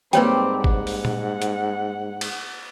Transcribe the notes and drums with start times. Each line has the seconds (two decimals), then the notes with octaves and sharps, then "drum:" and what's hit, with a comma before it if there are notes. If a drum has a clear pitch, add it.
0.13 G#2 G3 A#3 C4 G4 B4 C#5 G5, drum: hi-hat
0.64 F#5, drum: kick G#1
0.87 drum: open hi-hat
1.05 drum: tom A#2
1.42 drum: hi-hat
2.21 drum: cymbal